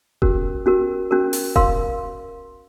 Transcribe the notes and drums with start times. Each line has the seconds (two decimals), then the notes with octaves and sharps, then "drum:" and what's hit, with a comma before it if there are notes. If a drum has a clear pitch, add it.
0.22 C#4 F#4 A#4, drum: kick E1
0.66 C#4 F#4 A#4
1.11 C#4 F#4 A#4
1.33 drum: open hi-hat
1.56 A#4 F5 C6, drum: kick E1